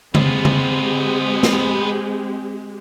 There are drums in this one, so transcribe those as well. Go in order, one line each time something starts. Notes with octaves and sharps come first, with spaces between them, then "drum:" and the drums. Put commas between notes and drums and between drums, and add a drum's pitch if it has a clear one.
G#3 B3 C4 F4 G4, drum: tom C#3
drum: tom C#3
drum: snare